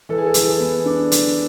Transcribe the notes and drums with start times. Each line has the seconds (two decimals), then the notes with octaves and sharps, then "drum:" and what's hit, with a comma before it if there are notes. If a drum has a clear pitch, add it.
0.09 E3 A4
0.18 G#4
0.26 A4
0.34 E3, drum: hi-hat
0.60 B3
0.85 D4
1.12 drum: hi-hat